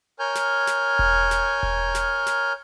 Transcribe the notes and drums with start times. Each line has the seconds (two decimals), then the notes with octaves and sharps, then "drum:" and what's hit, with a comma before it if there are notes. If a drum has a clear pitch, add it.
0.19 A#4 C#5 G#5 F6 G6
0.35 drum: snare
0.67 drum: snare
0.99 drum: kick E1
1.31 drum: snare
1.63 drum: kick E1
1.95 drum: snare
2.27 drum: snare